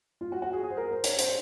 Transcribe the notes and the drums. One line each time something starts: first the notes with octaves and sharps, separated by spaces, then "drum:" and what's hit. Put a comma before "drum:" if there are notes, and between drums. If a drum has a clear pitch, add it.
F4
F#4
F#4
G#4
G#4
C5
A#4
C5
C#5, drum: hi-hat
C5, drum: hi-hat